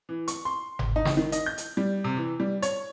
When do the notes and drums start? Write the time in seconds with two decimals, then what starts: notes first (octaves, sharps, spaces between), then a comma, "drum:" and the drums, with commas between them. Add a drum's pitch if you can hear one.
0.09 E3
0.28 C#6, drum: hi-hat
0.45 C6
0.79 drum: tom G1
0.96 D#4
1.05 drum: snare
1.17 D#3
1.32 D#5, drum: hi-hat
1.46 G6
1.58 drum: hi-hat
1.77 G3
2.04 C3
2.17 E3
2.40 G3
2.62 C#5, drum: hi-hat